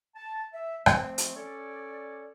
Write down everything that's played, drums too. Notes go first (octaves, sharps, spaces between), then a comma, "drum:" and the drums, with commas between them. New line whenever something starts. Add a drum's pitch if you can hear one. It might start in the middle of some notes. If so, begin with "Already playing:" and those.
A5
E5
F3 A3 C4, drum: rim click
drum: hi-hat
C#4 A4 C#5 D5